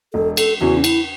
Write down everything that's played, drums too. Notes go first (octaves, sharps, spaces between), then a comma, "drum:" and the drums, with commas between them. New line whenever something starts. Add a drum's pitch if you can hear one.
E1 A4
A4, drum: cymbal
E2 C#3 E3 F#4
C#4
E4, drum: cymbal